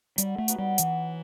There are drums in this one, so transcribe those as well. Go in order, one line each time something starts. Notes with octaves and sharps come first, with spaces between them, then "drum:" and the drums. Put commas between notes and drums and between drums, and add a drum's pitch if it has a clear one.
F#3 G3, drum: hi-hat
A3
B3 D#4 F#4, drum: hi-hat
G3
E3 F#3, drum: hi-hat